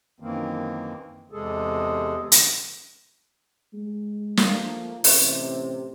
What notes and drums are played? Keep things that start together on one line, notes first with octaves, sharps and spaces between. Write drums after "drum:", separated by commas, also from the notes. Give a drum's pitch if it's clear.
F#2 D#3 E3 A#3 C4
E2 C3 G#3 G#4 A4
drum: hi-hat
G#3
F3 A3 A#3, drum: snare
A1 C3, drum: open hi-hat